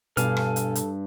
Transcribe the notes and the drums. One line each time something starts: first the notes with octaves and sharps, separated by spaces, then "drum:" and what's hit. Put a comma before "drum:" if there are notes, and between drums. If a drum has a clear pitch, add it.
G2 B2 A4 F5 G#5 F6, drum: hi-hat
drum: rim click
drum: hi-hat
drum: hi-hat